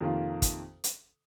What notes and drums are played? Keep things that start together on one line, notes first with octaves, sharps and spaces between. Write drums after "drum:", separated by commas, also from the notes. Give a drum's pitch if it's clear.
F2 C3 D#3 A#3 F4
drum: kick, hi-hat
drum: hi-hat